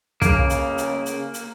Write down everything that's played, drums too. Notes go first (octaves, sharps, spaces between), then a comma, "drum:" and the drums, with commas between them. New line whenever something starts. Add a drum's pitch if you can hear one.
C#3 A#3, drum: kick, hi-hat
drum: hi-hat
drum: hi-hat
drum: hi-hat
drum: hi-hat